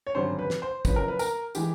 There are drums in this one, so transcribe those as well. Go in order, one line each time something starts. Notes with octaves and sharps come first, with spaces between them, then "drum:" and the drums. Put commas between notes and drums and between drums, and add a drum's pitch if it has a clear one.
C#5
G#1 F#2 D3 G3 C4 C5
B4
drum: snare
C5
F#1 F#2 C#3 F3 B4, drum: kick, tambourine
A#4
B4
A#4, drum: tambourine
E3 G#3 G4, drum: tambourine